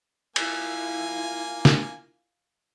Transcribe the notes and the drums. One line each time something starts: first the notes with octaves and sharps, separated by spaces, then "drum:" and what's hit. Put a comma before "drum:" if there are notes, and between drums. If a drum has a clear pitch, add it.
A#3 E4 F4 G#5, drum: cymbal
drum: snare